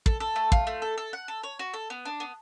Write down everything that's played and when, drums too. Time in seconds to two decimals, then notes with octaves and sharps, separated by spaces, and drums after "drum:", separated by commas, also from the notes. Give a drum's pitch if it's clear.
0.06 A4, drum: kick
0.20 A4
0.36 A3
0.52 F4, drum: kick
0.67 A3
0.82 A4
0.98 A4
1.13 F#5
1.28 A4
1.43 C#5
1.59 F#4
1.74 A4
1.90 B3
2.05 D4
2.20 B3